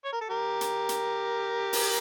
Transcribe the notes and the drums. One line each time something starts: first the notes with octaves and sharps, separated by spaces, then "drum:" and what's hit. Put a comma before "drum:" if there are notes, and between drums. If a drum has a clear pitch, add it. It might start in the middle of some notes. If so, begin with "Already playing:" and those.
C#5
A#4
A4
G4 A#4
drum: hi-hat
drum: hi-hat
drum: open hi-hat